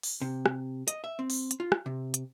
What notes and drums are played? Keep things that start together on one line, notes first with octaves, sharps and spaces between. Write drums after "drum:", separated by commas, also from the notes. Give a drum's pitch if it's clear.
drum: open hi-hat
C3
drum: rim click
D#5, drum: hi-hat
E5
C4
drum: open hi-hat
drum: hi-hat
F4
drum: rim click
C3
drum: hi-hat